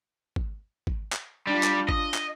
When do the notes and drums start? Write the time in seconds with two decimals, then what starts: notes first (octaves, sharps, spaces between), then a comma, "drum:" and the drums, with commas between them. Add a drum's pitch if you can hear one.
0.36 drum: kick G#1
0.87 drum: kick G#1
1.12 drum: clap
1.47 G3 D4 F4
1.63 drum: clap
1.89 D#5, drum: kick G#1
2.14 drum: clap